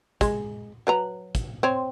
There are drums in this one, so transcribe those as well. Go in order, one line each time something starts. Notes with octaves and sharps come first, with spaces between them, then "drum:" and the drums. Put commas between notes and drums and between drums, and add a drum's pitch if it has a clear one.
G#3, drum: kick, hi-hat
F#3 B4 A#5
drum: kick, hi-hat
C4 C#5